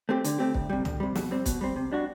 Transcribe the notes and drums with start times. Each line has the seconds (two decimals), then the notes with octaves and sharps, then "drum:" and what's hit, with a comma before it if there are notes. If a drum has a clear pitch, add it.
0.09 A3 C4 G4
0.24 D3, drum: hi-hat
0.39 A3 C4 G4
0.54 D2, drum: kick
0.70 C3 G3
0.85 D2, drum: tom
1.00 C3 G3
1.15 B2, drum: snare
1.31 G3 C4
1.46 B2, drum: kick, hi-hat
1.61 G3 C4
1.76 C3
1.92 G3 D4 F#4